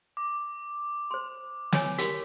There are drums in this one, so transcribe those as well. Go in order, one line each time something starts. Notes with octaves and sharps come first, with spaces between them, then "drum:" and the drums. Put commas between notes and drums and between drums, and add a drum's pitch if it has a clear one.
D6
C5 C6
E4 C#5 G#5, drum: snare
F#4 G4 A#4 B6, drum: hi-hat